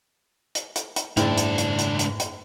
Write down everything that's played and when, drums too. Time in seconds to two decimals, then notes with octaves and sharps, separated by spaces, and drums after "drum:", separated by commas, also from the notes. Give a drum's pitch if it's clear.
0.55 drum: hi-hat
0.76 drum: hi-hat
0.96 drum: hi-hat
1.17 F#1 C#2 G#2 D4 E4 G5, drum: hi-hat
1.38 drum: hi-hat
1.58 drum: hi-hat
1.79 drum: hi-hat
1.99 drum: hi-hat
2.20 drum: hi-hat